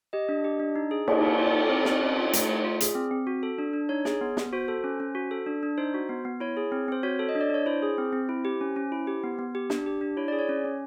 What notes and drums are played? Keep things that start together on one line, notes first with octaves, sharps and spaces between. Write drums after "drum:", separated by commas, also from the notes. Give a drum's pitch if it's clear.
G4 D#5
D4
G4
D4
D#4
G#4
A#3, drum: cymbal
A#3
F4 D5
A4
C4
C4, drum: snare
C#4
F4
A3, drum: hi-hat
A3
F4
G#4, drum: hi-hat
C4
C4
F#4
A4
D4
D4
D#4 C#5
G#4, drum: snare
B3
B3, drum: snare
F#4 C5
A4
C#4
C#4
F#4
A4
D4
D4
D#4 C5
F#4
B3
B3
E4 C#5
G#4
C4
C4 C5
F#4 C#5
A4
D#5
D4
D5
D4 C#5
E4 C5
G#4
C4
C4
E4
G4
C#4
C#4
E4
G4
B3
B3
G4
D4, drum: snare
G4
D4
E4 C#5
G#4 D5
C#5
C#4
C#4